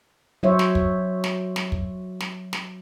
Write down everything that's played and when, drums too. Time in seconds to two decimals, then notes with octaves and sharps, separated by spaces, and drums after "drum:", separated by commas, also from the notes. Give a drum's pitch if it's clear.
0.43 F#3 C5 C#5 E5
0.59 drum: snare
0.75 drum: kick
1.24 drum: snare
1.56 drum: snare
1.72 drum: kick
2.20 drum: snare
2.53 drum: snare